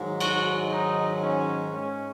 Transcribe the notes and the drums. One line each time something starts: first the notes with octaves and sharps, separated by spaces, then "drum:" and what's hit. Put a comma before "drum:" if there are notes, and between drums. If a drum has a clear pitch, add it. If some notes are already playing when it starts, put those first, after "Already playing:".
Already playing: G#2 D#3 F#3
F#4, drum: cymbal
D#4
C#4
G#2 G#3 C#4